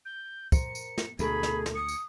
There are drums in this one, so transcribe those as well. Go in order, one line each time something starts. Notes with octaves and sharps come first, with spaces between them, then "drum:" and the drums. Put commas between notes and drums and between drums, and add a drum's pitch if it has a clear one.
G6
A#4 C5 C#7, drum: kick, tambourine
drum: tambourine
drum: snare
D2 B2 A3 G#4 A#4 B5, drum: tambourine
drum: snare
drum: snare
D#6 C#7
drum: tambourine